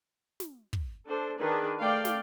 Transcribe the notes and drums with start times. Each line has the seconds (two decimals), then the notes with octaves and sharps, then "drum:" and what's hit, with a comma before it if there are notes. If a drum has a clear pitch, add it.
0.40 drum: snare
0.73 drum: kick
1.08 D4 A4 C5
1.39 D#3 D4 G#4 B4
1.80 A3 D5 F5 G5
2.05 drum: snare